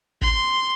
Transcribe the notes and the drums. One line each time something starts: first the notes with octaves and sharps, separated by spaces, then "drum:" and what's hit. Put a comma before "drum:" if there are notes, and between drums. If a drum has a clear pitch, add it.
C6, drum: kick